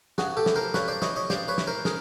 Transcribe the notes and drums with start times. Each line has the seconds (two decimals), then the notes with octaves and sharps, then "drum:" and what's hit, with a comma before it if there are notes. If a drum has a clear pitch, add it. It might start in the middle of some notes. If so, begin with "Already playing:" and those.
0.18 G2 F#4 G#4, drum: snare
0.37 G4 A4
0.46 E3, drum: snare
0.56 A#4 C5
0.74 G2 B4 C#5, drum: snare
0.88 C5 D5
1.02 E3 C#5 D#5, drum: snare
1.16 C#5 D#5
1.30 G2 C5 D5, drum: snare
1.48 B4 C#5
1.58 E3, drum: snare
1.67 A#4 C5
1.85 G#4 A#4, drum: snare